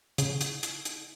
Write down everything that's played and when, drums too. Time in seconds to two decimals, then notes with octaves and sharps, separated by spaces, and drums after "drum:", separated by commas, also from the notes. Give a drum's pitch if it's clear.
0.18 C#3, drum: hi-hat
0.41 drum: hi-hat
0.63 drum: hi-hat
0.85 drum: hi-hat